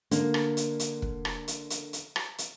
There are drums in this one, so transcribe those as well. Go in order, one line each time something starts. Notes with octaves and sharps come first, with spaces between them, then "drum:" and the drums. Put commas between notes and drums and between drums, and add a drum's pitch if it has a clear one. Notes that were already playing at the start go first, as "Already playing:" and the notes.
D3 A#3, drum: hi-hat
drum: rim click
drum: hi-hat
drum: hi-hat
drum: kick
drum: rim click
drum: hi-hat
drum: hi-hat
drum: hi-hat
drum: rim click
drum: hi-hat